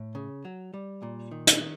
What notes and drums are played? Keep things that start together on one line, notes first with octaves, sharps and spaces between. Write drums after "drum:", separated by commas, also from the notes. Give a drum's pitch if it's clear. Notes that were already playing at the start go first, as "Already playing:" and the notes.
Already playing: A2
C#3
F#3
G3
A#2
D#3
drum: hi-hat
D#3